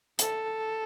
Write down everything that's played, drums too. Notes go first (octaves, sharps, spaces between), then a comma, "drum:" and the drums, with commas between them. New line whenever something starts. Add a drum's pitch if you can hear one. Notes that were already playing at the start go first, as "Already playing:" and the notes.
A4, drum: hi-hat